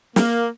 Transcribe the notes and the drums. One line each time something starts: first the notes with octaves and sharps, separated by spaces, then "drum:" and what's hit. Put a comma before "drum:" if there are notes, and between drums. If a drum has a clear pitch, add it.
A#3, drum: snare